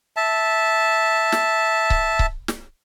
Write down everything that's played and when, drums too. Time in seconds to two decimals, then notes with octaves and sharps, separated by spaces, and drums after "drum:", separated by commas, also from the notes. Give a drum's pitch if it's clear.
0.17 E5 A5
1.32 drum: snare
1.90 drum: kick C#1
2.19 drum: kick C#1
2.48 drum: snare